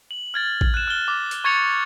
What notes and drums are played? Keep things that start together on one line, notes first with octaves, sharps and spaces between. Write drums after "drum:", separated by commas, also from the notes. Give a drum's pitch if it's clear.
F#7
F6 G#6 A6
drum: kick
F#6 E7
F6 G7
D6
drum: hi-hat
C#6 G#6 A6 C#7 F7 G7